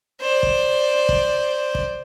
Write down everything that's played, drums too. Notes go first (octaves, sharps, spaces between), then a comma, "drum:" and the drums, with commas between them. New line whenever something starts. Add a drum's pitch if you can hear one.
C5 D5
drum: kick
drum: kick
drum: kick